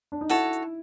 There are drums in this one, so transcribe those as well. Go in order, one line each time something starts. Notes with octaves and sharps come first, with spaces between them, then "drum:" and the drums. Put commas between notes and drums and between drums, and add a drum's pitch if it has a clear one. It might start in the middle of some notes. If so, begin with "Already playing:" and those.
D4
D#4
E4 F#4 A4 C#5, drum: open hi-hat
drum: hi-hat